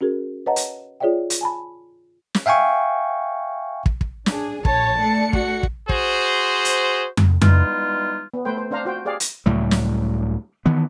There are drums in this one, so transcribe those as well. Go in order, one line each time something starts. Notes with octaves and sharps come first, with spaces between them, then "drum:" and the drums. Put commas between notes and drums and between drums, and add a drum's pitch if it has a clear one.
C#4 F#4 G#4 A#4
B4 C#5 D#5 F#5 A5 A#5
drum: hi-hat
F4 G#4 C#5 D5 E5 G5
drum: hi-hat
G#5 A5 B5
drum: snare
E5 F5 G5 G#5 C#6
drum: kick
drum: kick
D4 G#4, drum: snare
A#1 C#5 A5, drum: kick
A3 D4 C#7
F#4, drum: kick
drum: kick
F#4 G#4 C5, drum: kick
drum: hi-hat
drum: tom F2
E3 G3 G#3 B3 D#4 F4, drum: tom F2
B3
A3 B4 C5 G5
C5
C4 D4 C5 F5 A#5
F4 F#4 C5 G5
G4 G#4 D5 F5
drum: hi-hat
C#2 A2 F#3 G3
drum: snare
D#3 E3 B3